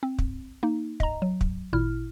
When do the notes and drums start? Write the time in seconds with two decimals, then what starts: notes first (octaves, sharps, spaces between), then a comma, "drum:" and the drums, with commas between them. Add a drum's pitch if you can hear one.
0.03 C4
0.18 drum: kick
0.63 A#3 D#4
1.00 D#5 A#5, drum: kick
1.22 F#3
1.41 drum: kick
1.73 G#1 A#2 E4 F6